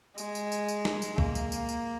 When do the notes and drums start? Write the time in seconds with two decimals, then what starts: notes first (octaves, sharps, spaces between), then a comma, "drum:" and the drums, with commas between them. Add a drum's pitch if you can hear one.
0.18 G#3, drum: tambourine
0.35 drum: tambourine
0.52 drum: tambourine
0.68 drum: tambourine
0.85 drum: snare
1.02 drum: tambourine
1.18 A#3, drum: kick C2
1.35 drum: tambourine
1.52 drum: tambourine
1.69 drum: tambourine